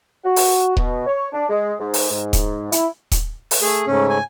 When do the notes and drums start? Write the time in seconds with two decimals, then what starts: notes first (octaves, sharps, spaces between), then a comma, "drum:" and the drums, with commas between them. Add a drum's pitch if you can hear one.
0.24 F#4
0.36 drum: open hi-hat
0.77 B2, drum: kick D#1
1.07 C#5
1.33 D4
1.50 G#3
1.80 G#2
1.94 drum: open hi-hat
2.10 G#2
2.33 drum: kick D#1, hi-hat
2.72 E4, drum: hi-hat
3.12 drum: kick D#1, hi-hat
3.51 drum: open hi-hat
3.61 A3 G#4
3.87 G#2 C#3 A3 C#4
4.09 G#5